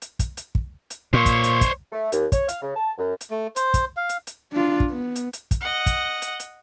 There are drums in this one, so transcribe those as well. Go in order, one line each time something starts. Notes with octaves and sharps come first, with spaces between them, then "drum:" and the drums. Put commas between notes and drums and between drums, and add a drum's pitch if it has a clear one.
drum: hi-hat
drum: kick, hi-hat
drum: hi-hat
drum: kick
drum: hi-hat
A#2 C5 C#5
drum: kick, hi-hat
drum: hi-hat
drum: kick, hi-hat
A3
D#2, drum: hi-hat
C#5, drum: kick, hi-hat
F5, drum: hi-hat
C#3
A5
F#2
drum: hi-hat
A3
C5, drum: hi-hat
drum: kick, hi-hat
F5
drum: hi-hat
drum: hi-hat
D4 F4
drum: kick
B3
drum: hi-hat
drum: hi-hat
drum: kick, hi-hat
D#5 F#5
drum: kick, hi-hat
drum: hi-hat
drum: hi-hat